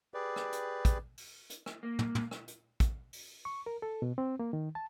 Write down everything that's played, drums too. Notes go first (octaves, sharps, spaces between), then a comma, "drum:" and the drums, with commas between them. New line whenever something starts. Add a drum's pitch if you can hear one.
G4 G#4 B4 D5
drum: rim click
drum: hi-hat
drum: kick, hi-hat
drum: open hi-hat
drum: hi-hat
drum: rim click
A#3
drum: tom
drum: tom
drum: rim click
drum: hi-hat
drum: kick, hi-hat
drum: open hi-hat
C#6
A#4
A4
B2
C4
A#3
D#3
A5